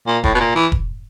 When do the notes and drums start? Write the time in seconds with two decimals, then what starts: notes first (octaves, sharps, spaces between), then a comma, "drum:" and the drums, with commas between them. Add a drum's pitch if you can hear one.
0.07 A#2
0.24 A2, drum: kick E1
0.35 B2
0.40 A#2
0.55 E3
0.72 drum: kick E1